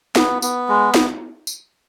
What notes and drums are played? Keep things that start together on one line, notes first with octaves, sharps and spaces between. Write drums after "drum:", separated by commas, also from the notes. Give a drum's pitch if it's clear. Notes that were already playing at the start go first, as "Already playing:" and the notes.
B3, drum: snare
B3, drum: tambourine
G#3
drum: snare
drum: tambourine